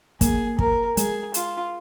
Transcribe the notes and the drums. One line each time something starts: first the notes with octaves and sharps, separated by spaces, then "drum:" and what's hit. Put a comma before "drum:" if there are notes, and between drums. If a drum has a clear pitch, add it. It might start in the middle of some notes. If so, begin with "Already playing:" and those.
A#3 G#4, drum: kick, hi-hat
A#4, drum: kick
G#3 G#4, drum: hi-hat
F4, drum: hi-hat